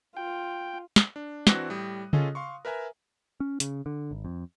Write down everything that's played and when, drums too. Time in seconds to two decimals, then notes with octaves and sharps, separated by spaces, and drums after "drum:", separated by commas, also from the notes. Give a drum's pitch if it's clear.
0.17 F4 G5
0.96 drum: snare
1.16 D4
1.47 E3 C4 D4 F#4 F#6 A#6, drum: snare
1.70 A2 G3 G5 D#6
2.13 C#4 F4 G#4 A4 D#5, drum: tom C#3
2.35 F5 C6 C#6
2.65 A#4 B4 E5 G#5 A#5
3.40 C#4
3.60 C#3, drum: hi-hat
3.86 D3
4.11 G#1
4.25 F2